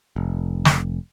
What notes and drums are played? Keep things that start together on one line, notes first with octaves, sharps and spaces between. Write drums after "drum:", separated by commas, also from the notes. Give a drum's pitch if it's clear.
F1
drum: snare